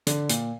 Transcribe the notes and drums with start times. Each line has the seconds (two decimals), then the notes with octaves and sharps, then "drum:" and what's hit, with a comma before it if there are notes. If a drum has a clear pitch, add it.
0.07 D3, drum: hi-hat
0.29 A#2, drum: hi-hat